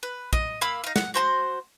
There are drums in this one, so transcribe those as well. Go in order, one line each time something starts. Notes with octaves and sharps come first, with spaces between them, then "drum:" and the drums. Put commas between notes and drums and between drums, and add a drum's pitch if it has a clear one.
B4
D#5, drum: kick A#1
A#3 F5 B5 E6
D#4 F5
F#5, drum: snare
F#4 C5 A#5 C6